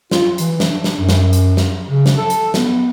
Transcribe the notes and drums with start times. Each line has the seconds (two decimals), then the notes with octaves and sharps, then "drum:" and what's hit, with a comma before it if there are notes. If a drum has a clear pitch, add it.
0.11 F4, drum: snare
0.38 E3, drum: hi-hat
0.60 drum: snare
0.71 D4
0.84 drum: snare
0.99 F#2
1.09 drum: snare
1.33 drum: hi-hat
1.57 drum: snare
1.89 C#3
2.06 drum: snare
2.17 A4
2.30 drum: hi-hat
2.54 B3, drum: snare